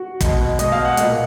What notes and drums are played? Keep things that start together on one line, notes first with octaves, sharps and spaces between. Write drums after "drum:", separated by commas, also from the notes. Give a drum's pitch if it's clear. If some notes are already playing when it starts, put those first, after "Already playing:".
Already playing: F#4
B2 G#3, drum: kick, hi-hat
B2 G#3 D#5, drum: hi-hat
F5
F#5
A#2 G#3, drum: hi-hat